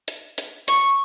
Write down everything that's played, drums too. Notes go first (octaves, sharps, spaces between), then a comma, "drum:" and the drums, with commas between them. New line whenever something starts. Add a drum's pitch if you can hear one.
drum: hi-hat
drum: hi-hat
C#6, drum: hi-hat